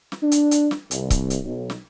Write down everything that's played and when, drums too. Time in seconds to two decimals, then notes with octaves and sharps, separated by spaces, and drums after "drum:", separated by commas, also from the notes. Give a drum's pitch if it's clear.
0.12 drum: snare
0.22 D4
0.32 drum: hi-hat
0.51 drum: hi-hat
0.71 drum: snare
0.91 C2, drum: hi-hat
1.10 drum: kick C#1, hi-hat
1.30 drum: hi-hat
1.44 B1
1.70 drum: snare